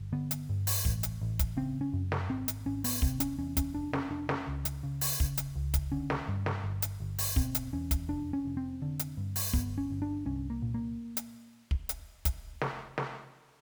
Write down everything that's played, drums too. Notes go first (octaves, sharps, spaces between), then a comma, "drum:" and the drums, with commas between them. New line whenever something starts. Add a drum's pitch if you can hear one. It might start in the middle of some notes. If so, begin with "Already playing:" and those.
Already playing: G1
D3 B3
drum: hi-hat
G2
drum: open hi-hat
A1, drum: kick
drum: hi-hat
A1
drum: kick, hi-hat
C#3 C4
C#4
F#2
drum: snare
G#1 C4
drum: hi-hat
G#1 C#4
B3, drum: open hi-hat
C3 C4, drum: kick
C#4, drum: hi-hat
E2 C#4
C#4, drum: kick, hi-hat
F1 D4
C#4, drum: snare
F1 D4
C#4, drum: snare
C#2
drum: hi-hat
C#3
drum: open hi-hat
C#3, drum: kick
drum: hi-hat
C#2
drum: kick, hi-hat
D3 C#4
drum: snare
G2
drum: snare
G1
drum: hi-hat
G1
drum: open hi-hat
B2 C4, drum: kick
drum: hi-hat
E2 C#4
drum: kick, hi-hat
F1 D4
C#4
F1
C4
D3
drum: hi-hat
G2
drum: open hi-hat
G1 B3, drum: kick
C#4
G1
D4
C2 C#4
A#3
A#2
A#3
drum: hi-hat
drum: kick
drum: hi-hat
drum: kick, hi-hat
drum: snare
drum: snare